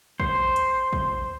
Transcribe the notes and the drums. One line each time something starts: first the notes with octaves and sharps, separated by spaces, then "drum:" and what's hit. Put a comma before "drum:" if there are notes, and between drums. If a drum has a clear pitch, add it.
C5, drum: kick
drum: hi-hat
drum: kick